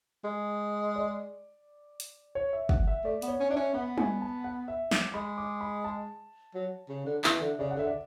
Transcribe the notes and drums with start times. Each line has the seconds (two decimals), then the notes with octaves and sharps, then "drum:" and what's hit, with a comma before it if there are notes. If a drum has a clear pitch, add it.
0.25 G#3
0.96 D5
2.00 drum: hi-hat
2.35 C#5
2.53 E5
2.69 F#5, drum: kick
2.87 E5
3.04 A3 D5
3.22 B3, drum: hi-hat
3.28 C#5
3.40 C#4
3.50 D4 E5
3.57 C#4
3.74 B3 F#5
3.98 G#5, drum: tom G3
4.21 A5
4.44 F#5
4.68 E5
4.91 D6, drum: snare
5.14 G#3 B5
5.38 D6
5.61 B5
5.84 A5
6.54 F#3
6.89 C#3
7.06 D3
7.24 E3 E5, drum: clap
7.41 D3
7.59 C#3 D5
7.71 F#5
7.77 D3 E5
7.87 D5